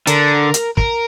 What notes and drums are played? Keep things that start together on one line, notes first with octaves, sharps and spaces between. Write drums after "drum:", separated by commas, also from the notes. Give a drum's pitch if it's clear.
D3 A#4, drum: hi-hat
drum: hi-hat
A#4, drum: kick